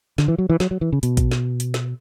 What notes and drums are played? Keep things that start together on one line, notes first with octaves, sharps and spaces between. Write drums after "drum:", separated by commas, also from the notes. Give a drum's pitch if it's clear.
D3, drum: snare
E3
F#3
E3
F#3, drum: snare
F#3
E3
C#3
B2, drum: hi-hat
drum: kick A#1, hi-hat
drum: snare
drum: hi-hat
drum: snare